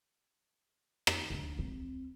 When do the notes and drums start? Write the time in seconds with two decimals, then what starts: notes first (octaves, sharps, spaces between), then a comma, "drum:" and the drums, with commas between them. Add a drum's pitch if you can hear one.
1.07 drum: rim click
1.30 D2
1.59 C4